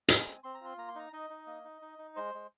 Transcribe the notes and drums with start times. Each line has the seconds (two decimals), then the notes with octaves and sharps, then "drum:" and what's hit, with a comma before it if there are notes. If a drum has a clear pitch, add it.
0.08 G#3 G#5, drum: hi-hat
0.26 C4
0.43 C4 C6
0.54 A#5
0.61 F4 C6
0.77 A#3 A#5
0.88 C6
0.95 D#4 A#5
1.13 D#4 D#5
1.30 D#4
1.47 A#3
1.65 D#4
1.82 D#4
1.99 D#4
2.16 G#3 C5
2.34 G#3